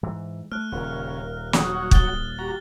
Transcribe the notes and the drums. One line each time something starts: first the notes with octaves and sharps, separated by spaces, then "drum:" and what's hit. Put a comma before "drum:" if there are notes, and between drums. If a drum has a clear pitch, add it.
G#2 E3
A3 F6 F#6
D#1 D#2 C#3 A#4
F#3 F#4 C#5 D#6, drum: snare
F#6 A6 G7, drum: kick
F#4 G4 A#5